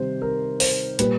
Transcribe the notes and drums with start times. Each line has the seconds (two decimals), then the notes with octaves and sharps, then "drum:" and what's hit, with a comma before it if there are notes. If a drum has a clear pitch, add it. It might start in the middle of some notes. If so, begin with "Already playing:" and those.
Already playing: C3 D#3 G3 C5
0.22 A#4
0.60 C5, drum: open hi-hat
0.99 A#2 G3 B4, drum: hi-hat